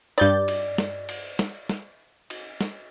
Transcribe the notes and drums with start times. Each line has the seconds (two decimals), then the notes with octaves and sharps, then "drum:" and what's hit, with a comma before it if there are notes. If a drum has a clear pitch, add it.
0.18 G2 D5 G6 A6
0.48 drum: cymbal
0.78 drum: snare
1.09 drum: cymbal
1.39 drum: snare
1.69 drum: snare
2.30 drum: cymbal
2.61 drum: snare